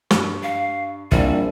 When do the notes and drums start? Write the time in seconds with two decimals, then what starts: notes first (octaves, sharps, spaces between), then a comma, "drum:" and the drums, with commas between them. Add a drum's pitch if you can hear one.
0.11 G2 C#6, drum: snare
0.43 F5
1.12 A#1 C3 G3 E4 D#7, drum: kick